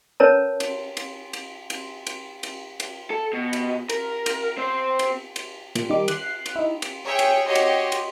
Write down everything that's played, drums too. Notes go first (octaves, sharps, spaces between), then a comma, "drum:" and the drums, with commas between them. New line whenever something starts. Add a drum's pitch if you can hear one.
C#4 A#4 B4 C#5 A5 A#5
drum: cymbal
drum: cymbal
drum: cymbal
drum: cymbal
drum: cymbal
drum: cymbal
drum: cymbal
A4
B2
drum: cymbal
A#4, drum: cymbal
drum: cymbal
C4 C5
drum: cymbal
drum: cymbal
A#2, drum: cymbal
D#3 G3 D#4 D6
F#6 C7, drum: cymbal
drum: cymbal
D#4 E4
drum: cymbal
G#4 C#5 E5 G5
drum: cymbal
F#4 G4 C#5 D#5 C6
drum: cymbal
drum: cymbal